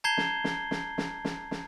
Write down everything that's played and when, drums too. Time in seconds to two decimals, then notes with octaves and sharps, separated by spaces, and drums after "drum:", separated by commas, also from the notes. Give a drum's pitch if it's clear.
0.04 A5 A#5 G6 G#6 C7 G7
0.18 drum: snare
0.44 drum: snare
0.71 drum: snare
0.98 drum: snare
1.25 drum: snare
1.51 drum: snare